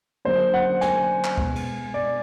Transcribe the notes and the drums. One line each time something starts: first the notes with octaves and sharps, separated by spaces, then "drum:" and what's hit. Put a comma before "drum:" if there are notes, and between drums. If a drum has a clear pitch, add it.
D3 F#3 A#3 C#4 C5
F#5
G#5, drum: snare
drum: clap
B2 G#3 B3, drum: kick
drum: cymbal
D5